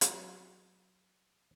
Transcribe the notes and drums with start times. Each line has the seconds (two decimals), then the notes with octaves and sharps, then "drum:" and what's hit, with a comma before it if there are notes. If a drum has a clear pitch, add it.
0.01 F#3, drum: hi-hat